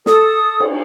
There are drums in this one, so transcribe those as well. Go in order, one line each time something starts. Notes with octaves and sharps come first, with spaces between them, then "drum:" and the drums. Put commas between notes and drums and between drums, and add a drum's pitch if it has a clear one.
A4 D#6, drum: snare
drum: cymbal